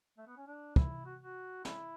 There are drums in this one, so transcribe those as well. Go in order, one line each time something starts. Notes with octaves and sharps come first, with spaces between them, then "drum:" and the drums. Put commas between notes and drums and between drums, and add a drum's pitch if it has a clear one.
A3
B3
C#4
D4
E4, drum: kick
F#4
F#4
E4, drum: snare